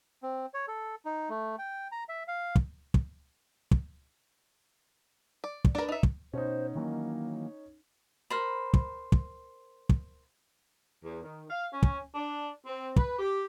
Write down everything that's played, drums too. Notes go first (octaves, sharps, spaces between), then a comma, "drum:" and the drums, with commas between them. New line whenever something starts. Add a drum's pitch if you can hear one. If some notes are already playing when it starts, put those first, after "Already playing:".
C4
C#5
A4
D#4
A3
G5
A#5
E5
F5
drum: kick
drum: kick
drum: kick
D5
drum: kick
D4 A#4 B4 D5
D#4 E5
drum: kick
B2 C#4 D#4 C5
D#3 E3 F#3 A#3
A#4 C5 B5
drum: kick
drum: kick
drum: kick
E2
D#3
F5
C#4
drum: kick
D4
C4
B4, drum: kick
G4